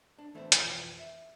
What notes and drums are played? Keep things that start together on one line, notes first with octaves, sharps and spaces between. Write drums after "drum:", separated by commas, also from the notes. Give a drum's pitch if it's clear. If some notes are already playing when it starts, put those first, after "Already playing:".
D4
E3 A3 B3 C4 E4 C5
B1 F2 E3 F4 D5 C6, drum: hi-hat
E5